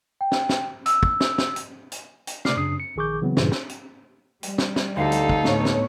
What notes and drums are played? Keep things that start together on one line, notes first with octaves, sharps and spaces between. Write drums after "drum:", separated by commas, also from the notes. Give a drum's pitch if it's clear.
G5
drum: snare
drum: snare
E6, drum: hi-hat
drum: kick
drum: snare
drum: snare
drum: hi-hat
drum: hi-hat
drum: hi-hat
C3 A3 D5 D6 F6 C7, drum: snare
F#2 C#3 D4 D#6 C7
C#7
A#1 D#3 G#4 C#6 D6 G6
C#3 E3 F#3 B3 C4
G2 A#2 C#3 E3, drum: snare
drum: snare
drum: hi-hat
G3, drum: hi-hat
drum: snare
drum: snare
D2 D#4 G4 A4 F5
drum: hi-hat
drum: kick
A2 B3 C#5, drum: snare
drum: snare